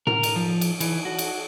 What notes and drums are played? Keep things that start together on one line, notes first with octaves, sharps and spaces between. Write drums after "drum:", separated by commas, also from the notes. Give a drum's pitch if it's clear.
A#4, drum: tom A2
drum: cymbal
F3
drum: cymbal
E3, drum: cymbal
F#4
drum: cymbal